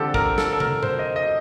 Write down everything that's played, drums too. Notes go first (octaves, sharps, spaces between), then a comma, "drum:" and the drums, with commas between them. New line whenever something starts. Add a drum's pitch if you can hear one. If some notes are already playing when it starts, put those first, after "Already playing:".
Already playing: D3 F3 C4 G4 A4
A#4, drum: kick
A4, drum: snare
A4
A#4, drum: tom
C5, drum: tom A2
D#5
D#5